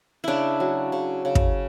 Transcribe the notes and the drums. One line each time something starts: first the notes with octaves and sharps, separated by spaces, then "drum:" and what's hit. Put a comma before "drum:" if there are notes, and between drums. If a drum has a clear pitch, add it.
C#3 D4 E4
F#3
C#3
C#3
drum: kick